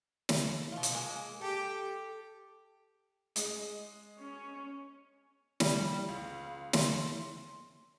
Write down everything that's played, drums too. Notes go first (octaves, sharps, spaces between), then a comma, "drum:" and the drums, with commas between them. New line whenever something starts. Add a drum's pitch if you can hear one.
drum: snare
B2 F4
drum: hi-hat
G#3 A#3
G4 A4
G#3 D#5, drum: hi-hat
C#4
G3, drum: snare
C#2
C6, drum: snare